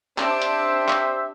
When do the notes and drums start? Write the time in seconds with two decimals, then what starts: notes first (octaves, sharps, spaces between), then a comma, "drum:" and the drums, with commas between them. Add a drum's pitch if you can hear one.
0.18 C4 D4 G4 C5 E5, drum: clap
0.42 drum: hi-hat
0.89 drum: clap